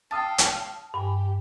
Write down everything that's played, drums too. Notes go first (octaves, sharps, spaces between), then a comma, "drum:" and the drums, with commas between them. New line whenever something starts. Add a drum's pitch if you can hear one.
F5 G5 A5 D#6 E6 A6
drum: hi-hat
G2 G4 G#5